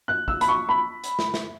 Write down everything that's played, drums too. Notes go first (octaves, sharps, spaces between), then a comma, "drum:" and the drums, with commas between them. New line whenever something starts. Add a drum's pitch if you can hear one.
F#6
E6, drum: kick
B5, drum: hi-hat
C#6
B5
drum: hi-hat
drum: snare
drum: snare